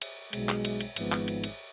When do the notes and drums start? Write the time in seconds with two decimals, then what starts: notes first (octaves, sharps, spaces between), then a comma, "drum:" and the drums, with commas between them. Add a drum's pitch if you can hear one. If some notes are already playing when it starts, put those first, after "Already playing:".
0.02 drum: cymbal
0.33 B1 B2 G#3, drum: cymbal
0.49 drum: clap
0.65 drum: cymbal
0.81 drum: cymbal
0.96 G#1 G#2 F3 B3, drum: cymbal
1.12 drum: clap
1.28 drum: cymbal
1.44 drum: cymbal